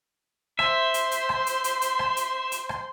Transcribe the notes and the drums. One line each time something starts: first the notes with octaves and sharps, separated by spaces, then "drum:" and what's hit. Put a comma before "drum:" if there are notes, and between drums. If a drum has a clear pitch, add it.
C5 E5 C6, drum: rim click
drum: hi-hat
drum: hi-hat
drum: rim click
drum: hi-hat
drum: hi-hat
drum: hi-hat
drum: rim click
drum: hi-hat
drum: hi-hat
drum: rim click